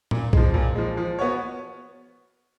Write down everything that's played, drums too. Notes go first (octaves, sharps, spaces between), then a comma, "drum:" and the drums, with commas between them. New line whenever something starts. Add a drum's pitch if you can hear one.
A#2, drum: tom A2
F3 G#3, drum: kick B1
A#2
F3 G#3
F3
B3 F#4 C#5